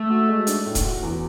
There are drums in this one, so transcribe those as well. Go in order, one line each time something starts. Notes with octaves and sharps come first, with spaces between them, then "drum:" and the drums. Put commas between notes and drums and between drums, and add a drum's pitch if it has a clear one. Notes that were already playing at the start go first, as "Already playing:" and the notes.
Already playing: A3
F#4
G#3
D4, drum: hi-hat
A2
drum: kick D#1, hi-hat
F#4
E2